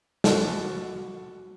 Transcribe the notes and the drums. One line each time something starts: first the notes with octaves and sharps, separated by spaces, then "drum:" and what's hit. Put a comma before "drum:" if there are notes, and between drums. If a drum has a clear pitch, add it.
F#4 A4, drum: snare